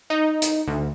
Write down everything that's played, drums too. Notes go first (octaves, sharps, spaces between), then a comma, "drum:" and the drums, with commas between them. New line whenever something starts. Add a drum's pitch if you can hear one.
D#4
drum: hi-hat
D2